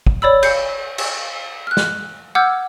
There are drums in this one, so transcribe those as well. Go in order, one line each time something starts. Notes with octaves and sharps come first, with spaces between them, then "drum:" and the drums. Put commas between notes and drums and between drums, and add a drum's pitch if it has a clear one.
drum: kick
C#5 D5 B5 E6
G6 C7 C#7, drum: cymbal
drum: cymbal
F6 F#6
drum: snare
F#5 D6 E6 F6 G6 G#6